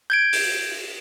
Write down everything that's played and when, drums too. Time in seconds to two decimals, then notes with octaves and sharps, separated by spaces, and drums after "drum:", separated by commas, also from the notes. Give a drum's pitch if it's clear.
0.10 G6 G#6 D7
0.33 drum: open hi-hat